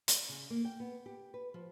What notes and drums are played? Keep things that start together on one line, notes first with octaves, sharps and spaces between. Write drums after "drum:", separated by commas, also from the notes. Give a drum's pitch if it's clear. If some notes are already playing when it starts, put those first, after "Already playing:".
D5, drum: hi-hat
C#3
A#3
G5
B3
G4
B4
F3